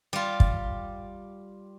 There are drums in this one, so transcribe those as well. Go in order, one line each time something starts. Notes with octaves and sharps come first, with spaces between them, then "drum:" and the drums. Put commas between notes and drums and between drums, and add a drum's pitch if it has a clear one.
G3 F4
drum: kick